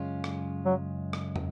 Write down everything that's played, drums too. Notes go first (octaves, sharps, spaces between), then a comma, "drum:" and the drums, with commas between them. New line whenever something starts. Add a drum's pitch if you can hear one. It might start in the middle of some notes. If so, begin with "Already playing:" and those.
Already playing: F#2 C#3 G#3 C#4 F4
drum: rim click
F#3
drum: rim click
drum: tom